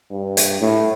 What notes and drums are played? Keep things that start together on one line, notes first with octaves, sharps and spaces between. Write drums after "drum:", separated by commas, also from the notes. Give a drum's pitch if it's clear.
G2
drum: hi-hat
A2